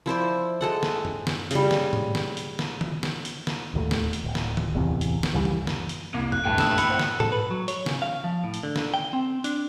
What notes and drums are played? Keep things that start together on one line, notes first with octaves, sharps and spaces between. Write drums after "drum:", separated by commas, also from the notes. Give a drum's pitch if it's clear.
F3 E4 C5 D5
G#3 A4 F#5
drum: snare
drum: tom F#2
drum: snare
C#3 G3, drum: hi-hat
drum: snare
drum: tom G#2
drum: snare
drum: hi-hat
drum: snare
drum: tom D#3
drum: snare
drum: hi-hat
drum: snare
D1 D#2 F3 A3
drum: snare
drum: hi-hat
D1
drum: snare
drum: tom D#3
D1 A1 E2 C3
drum: hi-hat
drum: snare
C#2 C#3 E3 G3
drum: tom F#2
drum: snare
drum: hi-hat
C2 A#3
F#6, drum: tom F#2
A#1 G2 A3 G5 A5
D#6 E6 E7, drum: snare
D2 A2 B5 C#7, drum: hi-hat
C5 F#5 G5
drum: snare
A4, drum: tom G#2
B4
F#3
C#5, drum: hi-hat
C#3, drum: snare
F5
F3
A2
drum: hi-hat
D3
drum: snare
G5
C4
D4, drum: hi-hat